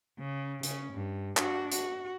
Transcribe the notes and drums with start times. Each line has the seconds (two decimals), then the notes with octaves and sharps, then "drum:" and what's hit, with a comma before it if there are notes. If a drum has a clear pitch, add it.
0.19 C#3
0.63 C#3 C#4, drum: hi-hat
0.93 G2
1.37 D4 F#4, drum: clap
1.72 F#4, drum: hi-hat